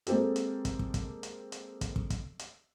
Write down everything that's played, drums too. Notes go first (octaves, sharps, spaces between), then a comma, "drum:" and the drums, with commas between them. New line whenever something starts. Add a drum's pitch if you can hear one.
G#3 A#3 C4 G4 A4, drum: hi-hat
drum: hi-hat
drum: kick, hi-hat
drum: kick
drum: kick, hi-hat
drum: hi-hat
drum: hi-hat
drum: kick, hi-hat
drum: kick
drum: kick, hi-hat
drum: hi-hat